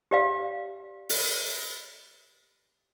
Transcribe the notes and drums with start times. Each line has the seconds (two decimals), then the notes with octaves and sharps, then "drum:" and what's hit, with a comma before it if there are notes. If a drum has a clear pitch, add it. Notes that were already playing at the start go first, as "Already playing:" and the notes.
0.11 G4 D5 F5
1.09 drum: open hi-hat